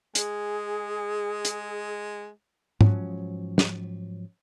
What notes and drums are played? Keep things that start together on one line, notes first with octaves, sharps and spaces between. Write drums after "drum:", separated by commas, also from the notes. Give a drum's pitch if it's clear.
G#3 G#4, drum: hi-hat
drum: hi-hat
G#2 F3 F#3 C#4, drum: tom G#2
drum: snare